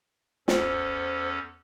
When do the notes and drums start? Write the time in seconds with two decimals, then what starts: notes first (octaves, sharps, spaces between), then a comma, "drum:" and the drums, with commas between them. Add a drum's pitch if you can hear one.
0.48 E2 C#4 A4 C5, drum: snare